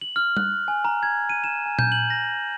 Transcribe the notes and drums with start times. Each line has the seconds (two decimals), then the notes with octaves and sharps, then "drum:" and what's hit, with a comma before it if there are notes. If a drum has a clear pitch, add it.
0.01 F#7
0.16 F6
0.37 F#6, drum: tom G3
0.68 G#5
0.85 A#5
1.03 G#6
1.29 D#7
1.44 E7
1.66 G#5
1.79 G6, drum: tom A#2
1.92 F#7
2.10 A#6